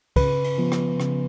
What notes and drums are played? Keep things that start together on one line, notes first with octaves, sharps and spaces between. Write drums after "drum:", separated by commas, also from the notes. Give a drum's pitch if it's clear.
C#3 B4, drum: kick, cymbal
drum: cymbal
F3 B3
drum: rim click
C#3, drum: rim click